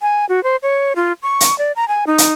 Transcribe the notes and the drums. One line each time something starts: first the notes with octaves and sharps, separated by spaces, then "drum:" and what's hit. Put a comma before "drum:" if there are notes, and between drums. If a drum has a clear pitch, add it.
G#5
F#4
C5
C#5
F4
C#6
drum: hi-hat
D5
A#5
G#5
D#4
drum: hi-hat